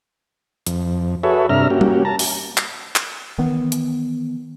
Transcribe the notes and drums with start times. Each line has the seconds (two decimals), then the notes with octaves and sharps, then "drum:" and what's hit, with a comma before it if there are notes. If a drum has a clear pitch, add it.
0.67 F2, drum: hi-hat
1.23 F#4 G#4 A4 B4 C#5 E5
1.49 G2 C3 D4 E5 A#5 F6
1.70 A#3 C#4 F#4 G4
1.81 drum: tom G3
2.05 A5 A#5
2.19 drum: open hi-hat
2.57 drum: clap
2.96 drum: clap
3.38 D#3 E3 B3
3.72 drum: hi-hat